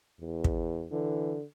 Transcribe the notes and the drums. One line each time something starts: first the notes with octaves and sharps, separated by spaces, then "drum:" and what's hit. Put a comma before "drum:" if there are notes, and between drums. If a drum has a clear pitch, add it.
E2
drum: kick
D3 E3